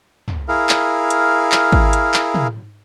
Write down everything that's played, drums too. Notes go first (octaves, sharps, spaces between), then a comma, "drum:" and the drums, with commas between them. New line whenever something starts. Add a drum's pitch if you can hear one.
drum: tom
E4 G#4 A#4 F5
drum: clap
drum: hi-hat
drum: clap
drum: kick G#1
drum: hi-hat
drum: clap
drum: tom